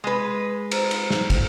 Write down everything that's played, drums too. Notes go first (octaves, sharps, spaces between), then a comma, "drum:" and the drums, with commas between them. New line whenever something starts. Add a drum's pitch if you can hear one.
G#3 B4
C5 A#5, drum: cymbal
drum: cymbal
drum: snare
drum: kick, cymbal